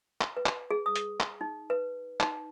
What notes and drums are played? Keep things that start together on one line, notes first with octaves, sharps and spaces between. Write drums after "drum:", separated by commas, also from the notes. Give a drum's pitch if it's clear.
drum: clap
B4
drum: clap
G#4
D#6
drum: hi-hat
drum: clap
D#4
B4
D#4, drum: clap